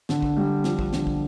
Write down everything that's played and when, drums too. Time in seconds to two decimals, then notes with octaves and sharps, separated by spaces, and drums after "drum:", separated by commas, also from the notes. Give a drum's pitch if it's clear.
0.09 D3, drum: snare
0.23 drum: kick
0.37 G3
0.64 F3, drum: snare
0.79 drum: kick
0.93 D3, drum: snare
1.07 drum: kick